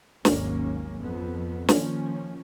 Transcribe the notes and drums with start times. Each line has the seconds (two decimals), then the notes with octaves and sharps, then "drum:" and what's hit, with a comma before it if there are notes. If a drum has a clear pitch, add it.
0.25 G#1 D#2 G#2 F#3 A#3 C#4, drum: snare
1.00 F2 B3
1.69 D#3 F3 A#3 C#4, drum: snare